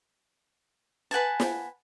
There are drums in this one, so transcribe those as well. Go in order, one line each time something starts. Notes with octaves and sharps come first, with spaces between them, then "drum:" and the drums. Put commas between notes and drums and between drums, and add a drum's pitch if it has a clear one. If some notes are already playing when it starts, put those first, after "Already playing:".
B4 F#5 G#5 A5
drum: snare